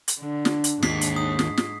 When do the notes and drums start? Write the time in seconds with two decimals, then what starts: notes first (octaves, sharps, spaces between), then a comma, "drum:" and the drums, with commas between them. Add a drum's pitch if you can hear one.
0.08 drum: hi-hat
0.20 D3 D4
0.45 drum: snare
0.64 drum: hi-hat
0.83 D#2 G#2 B6 C7, drum: snare
1.01 drum: hi-hat
1.16 D#6
1.39 drum: snare
1.57 drum: snare